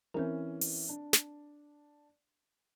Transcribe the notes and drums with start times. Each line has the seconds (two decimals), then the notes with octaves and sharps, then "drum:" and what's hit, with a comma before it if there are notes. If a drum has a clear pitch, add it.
0.14 E3 C4 C#4 A#4
0.61 drum: open hi-hat
0.89 D4
1.13 drum: snare